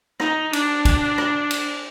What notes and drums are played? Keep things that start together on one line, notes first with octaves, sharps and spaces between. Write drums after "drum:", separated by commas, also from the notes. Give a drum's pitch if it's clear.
D#4, drum: rim click
D4, drum: cymbal
drum: kick, cymbal
drum: rim click
drum: cymbal